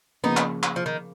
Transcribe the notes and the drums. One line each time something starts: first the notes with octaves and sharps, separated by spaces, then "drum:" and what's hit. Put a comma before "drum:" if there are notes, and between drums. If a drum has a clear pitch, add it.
C#3 F3 A#3 B3 D#4
drum: clap
drum: clap
F3
D#3